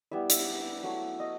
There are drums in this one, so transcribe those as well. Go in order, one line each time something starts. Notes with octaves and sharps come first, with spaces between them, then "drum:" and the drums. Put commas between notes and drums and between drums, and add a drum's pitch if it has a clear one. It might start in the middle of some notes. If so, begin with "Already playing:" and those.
G3 B3 E4 E5
E5, drum: hi-hat
F#3 A3 E4
D#5